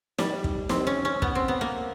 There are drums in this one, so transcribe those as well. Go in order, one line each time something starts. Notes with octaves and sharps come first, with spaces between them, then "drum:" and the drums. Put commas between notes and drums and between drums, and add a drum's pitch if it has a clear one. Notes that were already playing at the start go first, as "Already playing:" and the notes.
G3, drum: snare
drum: kick
C4, drum: snare
C#4
C#4
B3, drum: kick
C4
B3
A#3